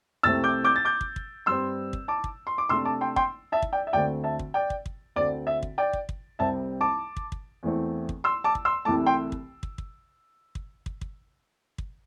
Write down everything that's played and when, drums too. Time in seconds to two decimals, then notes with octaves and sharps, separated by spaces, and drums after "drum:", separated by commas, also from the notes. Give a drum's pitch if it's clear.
0.23 C2 C3 A3 C4 E6 A6
0.44 D6 G6
0.64 D6 G6
0.76 A6
0.85 D6 G6
1.01 drum: kick
1.16 drum: kick
1.46 G2 G3 C4 C6 E6
1.93 drum: kick
2.08 A5 D6
2.24 drum: kick
2.47 C6
2.58 D6
2.69 C3 A3 D4 C6 E6
2.85 A5 D6
3.01 G5 C6
3.16 G5 C6, drum: kick
3.52 E5 A5
3.62 drum: kick
3.72 D5 G5
3.87 E5
3.93 D2 D3 A3 C4 D5 G5
4.24 E5 A5
4.39 drum: kick
4.54 D5 G5
4.70 drum: kick
4.86 drum: kick
5.16 D2 D3 C4 D5
5.47 E5
5.63 drum: kick
5.78 D5 G5
5.93 drum: kick
6.09 drum: kick
6.39 C2 C3 G3 C4 E5 A5
6.81 A5 D6
7.17 drum: kick
7.32 drum: kick
7.63 E2 E3 A3 C4
8.09 drum: kick
8.24 C6 E6
8.44 A5 D6
8.55 drum: kick
8.65 C6 E6
8.85 C2 C3 E3 A3 A5 D6
9.06 G5 C6
9.32 drum: kick
9.63 drum: kick
9.78 drum: kick
10.55 drum: kick
10.86 drum: kick
11.01 drum: kick
11.78 drum: kick